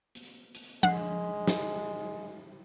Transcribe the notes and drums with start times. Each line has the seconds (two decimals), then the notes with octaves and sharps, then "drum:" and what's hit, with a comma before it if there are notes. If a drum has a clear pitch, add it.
0.15 drum: hi-hat
0.55 drum: hi-hat
0.83 G#3 F#5 C7, drum: tom F3
1.47 drum: snare